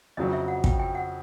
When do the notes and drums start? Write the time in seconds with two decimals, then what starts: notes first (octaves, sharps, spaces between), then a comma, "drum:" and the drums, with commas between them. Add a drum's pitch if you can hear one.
0.17 F2 C#3 F#3 D#5
0.33 E5
0.48 F#5
0.64 G5, drum: kick
0.80 G5
0.95 F#5